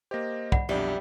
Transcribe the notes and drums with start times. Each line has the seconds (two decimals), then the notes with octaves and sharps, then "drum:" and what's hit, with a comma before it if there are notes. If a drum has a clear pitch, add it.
0.11 A#3 G4 C5 D#5 A#6
0.52 D5 F#5 B5, drum: kick
0.69 B1 F2 G3 D4 E5